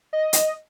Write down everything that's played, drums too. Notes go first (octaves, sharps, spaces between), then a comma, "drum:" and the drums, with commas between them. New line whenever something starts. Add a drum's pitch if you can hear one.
D#5
drum: hi-hat